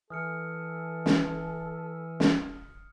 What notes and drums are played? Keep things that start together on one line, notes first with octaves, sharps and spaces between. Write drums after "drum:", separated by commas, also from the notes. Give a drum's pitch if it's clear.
E3 A4 D#6 F6 C#7
drum: snare
drum: snare